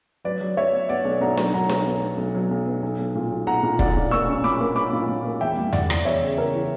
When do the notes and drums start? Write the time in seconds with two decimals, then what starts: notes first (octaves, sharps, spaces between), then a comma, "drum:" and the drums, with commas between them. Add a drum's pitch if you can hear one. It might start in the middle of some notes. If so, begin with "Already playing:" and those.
0.25 F#3 B4 D5
0.41 F#3
0.56 F#3 C#5 E5
0.73 B3
0.89 B3 D5 F#5
1.05 B1
1.21 B1 F#5 A#5
1.37 F#3, drum: snare D4
1.54 F#3 F#5 A#5
1.69 B1, drum: snare D4
1.86 B3
2.01 B3
2.17 B1
2.35 F#3
2.51 B1
2.66 B3
2.82 B1
2.99 B1
3.15 A#2
3.32 B1
3.47 B1 F#5 A#5
3.63 A#2
3.79 B1 D5 F#5, drum: kick
3.96 A#2
4.11 A#3 C#6 E6
4.28 C#4
4.44 A#2 B5 D6
4.60 A#3
4.76 A#3 B5 D6
4.93 A#2
5.09 A#2
5.25 A#3
5.41 E2 E5 G5
5.57 G3
5.73 E2 D5 F#5, drum: tom E2
5.90 E3, drum: rim click
6.05 E2 C#5 E5
6.21 C#3
6.38 C#3 A#4
6.53 E3